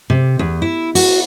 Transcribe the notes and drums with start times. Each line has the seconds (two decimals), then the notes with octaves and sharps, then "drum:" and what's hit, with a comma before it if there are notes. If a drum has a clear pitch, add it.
0.10 C3
0.39 E2
0.62 E4
0.95 F#4, drum: open hi-hat